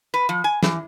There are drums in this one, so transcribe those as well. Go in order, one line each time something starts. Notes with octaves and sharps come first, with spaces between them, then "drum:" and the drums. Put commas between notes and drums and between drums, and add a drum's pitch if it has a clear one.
B4
F3
G#5
E3, drum: snare